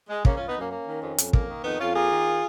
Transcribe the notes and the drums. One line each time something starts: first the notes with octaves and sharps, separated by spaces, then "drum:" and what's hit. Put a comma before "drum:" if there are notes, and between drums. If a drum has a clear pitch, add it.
G#3
C#3 A#3 C#4, drum: kick
F#2 C#4 F4
B3 D#4
F#2 A#3 C#4
A#3
D#3
F2
F2, drum: hi-hat
A#3, drum: kick
D#3
F2 B3 D#4
F2 C#4 F4
A#3 F4 G#4
D#3